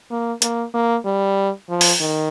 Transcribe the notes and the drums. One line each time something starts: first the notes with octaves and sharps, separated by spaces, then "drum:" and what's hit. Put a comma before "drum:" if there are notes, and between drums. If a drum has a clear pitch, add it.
A#3
A#3, drum: hi-hat
A#3
G3
F3
drum: open hi-hat
D#3